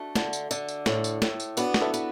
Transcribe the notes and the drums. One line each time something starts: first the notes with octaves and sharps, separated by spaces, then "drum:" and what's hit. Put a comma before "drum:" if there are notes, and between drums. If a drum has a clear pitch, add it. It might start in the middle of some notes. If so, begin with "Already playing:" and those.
Already playing: A3 D4 F#4
D3, drum: snare
drum: tambourine
D3, drum: tambourine
drum: tambourine
A2, drum: snare
drum: tambourine
A2, drum: snare
drum: tambourine
B3 D4 F#4, drum: tambourine
F#4, drum: snare
E4 A4
B3, drum: tambourine